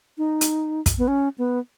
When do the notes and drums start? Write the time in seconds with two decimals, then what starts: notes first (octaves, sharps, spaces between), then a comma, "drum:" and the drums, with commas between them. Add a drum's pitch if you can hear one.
0.18 D#4
0.41 drum: hi-hat
0.86 drum: kick, hi-hat
0.98 B3
1.08 C#4
1.38 B3